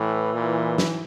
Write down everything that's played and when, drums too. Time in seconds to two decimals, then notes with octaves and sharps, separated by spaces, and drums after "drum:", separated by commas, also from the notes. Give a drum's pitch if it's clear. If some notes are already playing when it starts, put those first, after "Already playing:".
Already playing: A2 E3
0.33 A#2
0.78 drum: snare